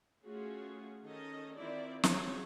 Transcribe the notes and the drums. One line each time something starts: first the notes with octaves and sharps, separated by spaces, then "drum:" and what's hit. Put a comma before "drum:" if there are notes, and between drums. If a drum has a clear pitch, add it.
A3 C#4 F4 F#4 G#4
D#3 C#4 A4 D#5
D#3 C4 E4 F4 D5
F3 F#3 C4 D#4 G#4 C#5, drum: snare